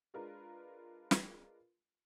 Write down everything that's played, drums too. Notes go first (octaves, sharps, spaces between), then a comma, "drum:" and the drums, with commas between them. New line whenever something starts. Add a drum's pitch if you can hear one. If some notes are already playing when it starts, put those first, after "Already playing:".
G#3 D4 F4 A#4 B4
drum: snare